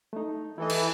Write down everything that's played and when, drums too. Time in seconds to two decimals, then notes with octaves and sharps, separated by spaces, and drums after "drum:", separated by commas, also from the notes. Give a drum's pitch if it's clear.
0.13 A3 D#4
0.58 E3 E4 A4 D#5
0.70 drum: cymbal